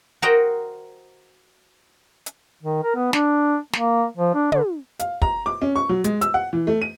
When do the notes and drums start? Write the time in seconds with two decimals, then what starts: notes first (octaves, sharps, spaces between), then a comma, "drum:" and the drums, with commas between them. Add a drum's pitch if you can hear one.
0.22 F#4 A#4 C5 D#5 F#5 G5
2.26 drum: hi-hat
2.63 D#3
2.83 A#4
2.95 B3
3.13 D4, drum: snare
3.73 A#3, drum: snare
4.17 F3
4.34 D4
4.52 D3, drum: tom
4.99 F5, drum: hi-hat
5.22 A#5, drum: kick
5.46 D6
5.62 C#4
5.76 C#6
5.89 F#3
6.04 G#3, drum: hi-hat
6.21 E6, drum: hi-hat
6.34 F#5
6.53 E3
6.67 A3
6.82 D#7